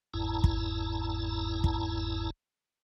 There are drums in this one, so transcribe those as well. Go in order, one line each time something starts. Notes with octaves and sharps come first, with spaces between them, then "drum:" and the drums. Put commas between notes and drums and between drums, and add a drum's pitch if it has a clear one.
G1 E2 G#2 E4 A5 A#5
drum: kick
drum: kick